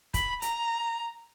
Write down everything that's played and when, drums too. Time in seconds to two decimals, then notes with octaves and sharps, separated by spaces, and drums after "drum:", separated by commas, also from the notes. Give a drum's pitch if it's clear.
0.14 B5, drum: kick, hi-hat
0.42 A#5, drum: hi-hat